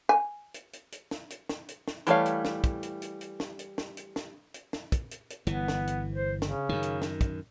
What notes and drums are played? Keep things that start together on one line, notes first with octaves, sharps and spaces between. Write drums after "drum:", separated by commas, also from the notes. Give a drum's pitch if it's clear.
G#5
drum: hi-hat
drum: hi-hat
drum: hi-hat
drum: snare
drum: hi-hat
drum: snare
drum: hi-hat
drum: snare
E3 G3 A3 C#5 F5, drum: hi-hat
drum: hi-hat
drum: snare
drum: kick, hi-hat
drum: hi-hat
drum: hi-hat
drum: hi-hat
drum: snare
drum: hi-hat
drum: snare
drum: hi-hat
drum: snare
drum: hi-hat
drum: snare
drum: kick, hi-hat
drum: hi-hat
drum: hi-hat
G1 E3 B3, drum: hi-hat
drum: snare
drum: hi-hat
C5
C#3, drum: snare
F#2 D#3
drum: hi-hat
drum: snare
drum: kick, hi-hat